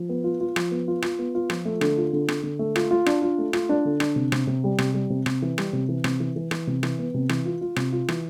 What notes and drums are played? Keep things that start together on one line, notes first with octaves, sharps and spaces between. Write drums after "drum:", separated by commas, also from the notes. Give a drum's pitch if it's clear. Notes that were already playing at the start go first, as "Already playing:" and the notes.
Already playing: F3
B3
F4
F4
F3, drum: rim click
B3
F4
F4, drum: rim click
B3
F4
F3, drum: rim click
A3
D3, drum: rim click
F4
D3
D3, drum: rim click
D3
A3
F4, drum: rim click
F4
D4, drum: rim click
F4
A3
F4, drum: rim click
D4
D3
D4, drum: rim click
C3
C3, drum: rim click
C3
G3
C3, drum: rim click
G3
C3
C3, drum: rim click
E3
G3, drum: rim click
C3
E3
C3, drum: rim click
E3
E3
E3, drum: rim click
C3
E3, drum: rim click
B3
C3
E3, drum: rim click
F4
F4
C3, drum: rim click
F4
E3, drum: rim click